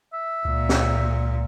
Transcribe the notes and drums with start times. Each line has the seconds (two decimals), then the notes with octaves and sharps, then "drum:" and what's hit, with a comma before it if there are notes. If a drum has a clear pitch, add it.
0.13 E5
0.45 C#2 A#2
0.69 drum: snare